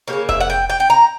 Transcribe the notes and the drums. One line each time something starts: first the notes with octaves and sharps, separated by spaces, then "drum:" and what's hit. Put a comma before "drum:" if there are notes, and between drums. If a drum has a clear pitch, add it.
G3 A#3 C#5
C#3
E5, drum: kick F1
F#5
G5
G5
G5
A#5